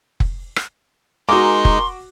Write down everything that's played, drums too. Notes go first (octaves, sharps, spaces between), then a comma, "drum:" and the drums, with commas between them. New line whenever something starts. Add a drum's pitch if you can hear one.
drum: kick F1
drum: rim click
G#3 D#4 F#4 A#4 G#5 A#5 C6 D6
drum: kick F1